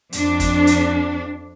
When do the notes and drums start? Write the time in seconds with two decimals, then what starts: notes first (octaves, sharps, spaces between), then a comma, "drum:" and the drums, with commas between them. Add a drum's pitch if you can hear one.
0.13 F2 D4, drum: hi-hat
0.40 drum: kick, hi-hat
0.67 drum: hi-hat